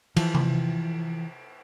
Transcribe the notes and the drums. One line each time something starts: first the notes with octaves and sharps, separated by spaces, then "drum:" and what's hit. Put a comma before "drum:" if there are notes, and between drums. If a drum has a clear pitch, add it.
E3 F3, drum: cymbal
drum: tom C3